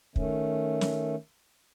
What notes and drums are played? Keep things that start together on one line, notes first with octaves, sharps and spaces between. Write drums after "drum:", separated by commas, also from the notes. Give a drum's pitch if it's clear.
D#3 A3 C#4, drum: kick
drum: snare